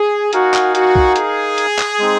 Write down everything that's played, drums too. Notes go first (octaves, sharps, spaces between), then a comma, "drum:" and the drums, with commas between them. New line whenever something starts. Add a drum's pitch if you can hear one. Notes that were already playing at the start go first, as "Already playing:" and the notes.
Already playing: G#4
D#4 F#4 A#4 F5 G#5, drum: hi-hat
drum: clap
F#4, drum: hi-hat
drum: kick
G#4, drum: hi-hat
drum: hi-hat
drum: clap
G#3 C4 D#4